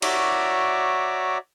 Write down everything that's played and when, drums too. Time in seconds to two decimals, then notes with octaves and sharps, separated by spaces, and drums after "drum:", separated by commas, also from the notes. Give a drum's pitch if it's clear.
0.02 F#4 C#5 D5 E5 A#5 D6, drum: cymbal